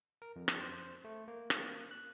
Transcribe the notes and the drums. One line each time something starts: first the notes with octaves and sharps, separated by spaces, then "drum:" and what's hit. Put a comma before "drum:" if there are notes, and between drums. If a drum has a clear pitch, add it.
A#4
F2
drum: rim click
C5
A3
A#3
drum: rim click
F#6